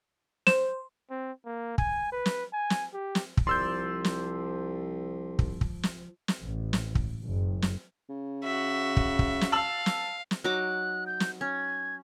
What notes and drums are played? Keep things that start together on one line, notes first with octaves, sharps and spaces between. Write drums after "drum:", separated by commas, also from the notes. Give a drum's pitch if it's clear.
C5 E7, drum: snare
C4
A#3
G#5, drum: kick
B4
drum: snare
G#5
drum: snare
G4
drum: snare
drum: kick
C2 F3 D5 C6 E6 G6
drum: snare
drum: kick
drum: kick
drum: snare
drum: snare
A1
drum: snare
drum: kick
F#1
drum: snare
C#3
F#4 E5
drum: kick
drum: kick
drum: snare
F5 A5 E6 F#7
drum: snare
drum: snare
F#3 D#4 D6 F#6
G6
drum: snare
C#4 G#6